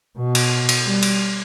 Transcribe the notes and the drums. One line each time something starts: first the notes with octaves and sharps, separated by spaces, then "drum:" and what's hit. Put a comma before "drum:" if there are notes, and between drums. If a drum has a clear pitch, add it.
B2
drum: cymbal
drum: cymbal
G3
drum: cymbal